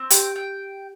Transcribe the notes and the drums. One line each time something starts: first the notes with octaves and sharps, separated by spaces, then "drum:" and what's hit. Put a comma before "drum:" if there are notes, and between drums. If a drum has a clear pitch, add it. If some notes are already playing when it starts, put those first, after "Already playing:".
Already playing: C4
G4 G5, drum: hi-hat
G5